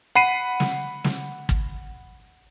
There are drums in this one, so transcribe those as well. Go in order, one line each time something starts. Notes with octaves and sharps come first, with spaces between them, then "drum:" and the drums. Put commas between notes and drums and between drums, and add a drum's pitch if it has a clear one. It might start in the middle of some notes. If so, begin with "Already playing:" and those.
F#5 B5 C7 D#7
drum: snare
drum: snare
drum: kick